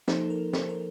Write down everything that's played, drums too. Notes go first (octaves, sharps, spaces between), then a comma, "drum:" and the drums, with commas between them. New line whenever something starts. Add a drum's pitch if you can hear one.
F3 A#3 D#4 A4 C5, drum: snare
A#4
A4 C5, drum: snare
A#4